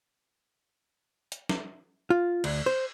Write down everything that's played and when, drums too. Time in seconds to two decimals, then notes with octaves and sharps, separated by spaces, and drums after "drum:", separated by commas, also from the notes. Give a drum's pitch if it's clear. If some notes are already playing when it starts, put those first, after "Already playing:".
1.32 drum: hi-hat
1.49 drum: snare
2.10 F4
2.44 D2, drum: cymbal
2.66 C5